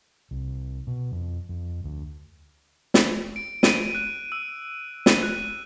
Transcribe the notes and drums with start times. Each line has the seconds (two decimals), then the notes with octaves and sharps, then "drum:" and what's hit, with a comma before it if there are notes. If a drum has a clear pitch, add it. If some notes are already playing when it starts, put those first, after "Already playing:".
0.31 C2
0.87 B2
1.12 F2
1.49 F2
1.84 D2
2.94 drum: snare
3.36 D7
3.63 D#7, drum: snare
3.95 F#6
4.32 E6
5.06 D#7, drum: snare
5.23 F#6